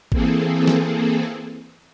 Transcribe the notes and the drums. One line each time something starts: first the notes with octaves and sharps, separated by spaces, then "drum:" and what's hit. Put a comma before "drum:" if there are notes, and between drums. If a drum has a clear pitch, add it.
E3 A#3 C4 G#4 A4, drum: kick G#1
drum: snare